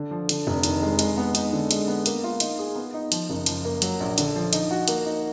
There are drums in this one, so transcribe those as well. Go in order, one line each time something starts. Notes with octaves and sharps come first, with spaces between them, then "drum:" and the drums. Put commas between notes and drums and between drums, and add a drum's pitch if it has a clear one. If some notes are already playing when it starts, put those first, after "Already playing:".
Already playing: D3
F3
D3, drum: hi-hat
F1
D#3, drum: hi-hat
G#3
G#3, drum: hi-hat
B3
D#4, drum: hi-hat
D3
G#3, drum: hi-hat
B3
A#3, drum: hi-hat
F4
D#4, drum: hi-hat
G#4
B3
D#4
F3, drum: hi-hat
F#1
F3, drum: hi-hat
A#3
F#3, drum: hi-hat
A#1
D3, drum: hi-hat
F3
D#4, drum: hi-hat
F#4
A#3, drum: hi-hat
D#4